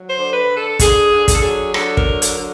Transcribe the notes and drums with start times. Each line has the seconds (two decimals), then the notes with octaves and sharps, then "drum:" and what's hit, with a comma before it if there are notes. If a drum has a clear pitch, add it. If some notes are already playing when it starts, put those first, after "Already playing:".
Already playing: F#3
0.10 C5
0.18 D3
0.33 B4
0.48 D3
0.57 A4
0.79 D3 G#4, drum: kick, hi-hat
1.11 D3
1.28 G#4, drum: kick, hi-hat
1.35 A4
1.42 F#3 G#4
1.74 D3 A4, drum: rim click
1.97 A#4, drum: kick
2.06 F#3
2.22 A#4, drum: hi-hat
2.37 D3